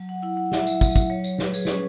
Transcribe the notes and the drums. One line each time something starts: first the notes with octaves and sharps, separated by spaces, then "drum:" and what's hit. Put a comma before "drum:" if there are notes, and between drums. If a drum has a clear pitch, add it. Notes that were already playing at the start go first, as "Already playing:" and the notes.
Already playing: F#3
F#5
E4 F#5
F#5
E4 E5, drum: snare
drum: tambourine
F#3, drum: kick, tambourine
drum: kick, tambourine
F#3 C#5
C#5, drum: tambourine
F#3 B4, drum: snare
G#4, drum: tambourine
C#4 B4, drum: snare